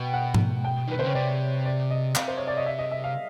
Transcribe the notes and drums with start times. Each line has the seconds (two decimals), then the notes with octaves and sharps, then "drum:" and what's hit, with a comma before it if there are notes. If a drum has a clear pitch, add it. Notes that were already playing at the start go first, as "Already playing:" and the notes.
Already playing: B2 G5
0.14 F#5
0.34 drum: tom G#2
0.65 G5
0.88 D#3 B4
0.98 D3 C5
1.06 C#3 C#5
1.15 C3 D5
1.65 D5
1.91 D#5
2.15 C3 F5, drum: clap
2.28 C5
2.37 C#5
2.47 D5
2.57 D#5
2.66 E5
2.79 D#5
2.91 E5
3.04 F5